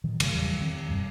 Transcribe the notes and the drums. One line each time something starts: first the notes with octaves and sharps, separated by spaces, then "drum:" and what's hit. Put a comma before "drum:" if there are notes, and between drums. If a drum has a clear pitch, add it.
A#2 D#3 E3 F#3
G#1 C#3 F#3 A3, drum: cymbal
E2 E3 G3
D#3 C4
E1 F#2 G3